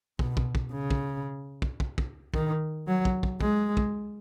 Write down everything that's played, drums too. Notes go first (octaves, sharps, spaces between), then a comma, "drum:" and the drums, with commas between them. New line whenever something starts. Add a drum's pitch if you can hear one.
B2, drum: kick
drum: kick
drum: kick
C#3
drum: kick
drum: kick
drum: kick
drum: kick
D#3, drum: kick
F#3
drum: kick
drum: kick
G#3, drum: kick
drum: kick